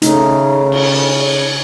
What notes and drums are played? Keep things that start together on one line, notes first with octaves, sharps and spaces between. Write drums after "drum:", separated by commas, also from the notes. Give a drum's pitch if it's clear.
C#3 A3 D#4, drum: hi-hat
drum: cymbal